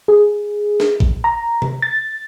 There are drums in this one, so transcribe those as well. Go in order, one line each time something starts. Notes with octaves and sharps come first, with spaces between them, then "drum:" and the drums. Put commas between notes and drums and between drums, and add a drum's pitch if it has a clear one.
G#4
drum: snare
drum: kick G#1
A#5
drum: tom C3
A6